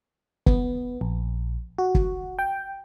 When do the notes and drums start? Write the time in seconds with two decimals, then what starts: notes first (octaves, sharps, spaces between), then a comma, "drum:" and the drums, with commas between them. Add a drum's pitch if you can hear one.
0.46 B3, drum: kick
1.01 A#1
1.78 F#4
1.95 drum: kick
2.39 G5